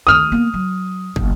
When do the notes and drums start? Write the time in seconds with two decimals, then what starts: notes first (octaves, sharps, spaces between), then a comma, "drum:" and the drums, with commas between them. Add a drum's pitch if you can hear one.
0.07 D2 D#3 D#6 F6
0.32 A#3 B3
0.54 F#3
1.16 F#1 B1, drum: kick